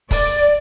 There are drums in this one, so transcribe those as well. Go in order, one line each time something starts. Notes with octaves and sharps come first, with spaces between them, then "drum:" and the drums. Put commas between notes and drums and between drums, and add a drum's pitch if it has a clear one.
D5, drum: kick, open hi-hat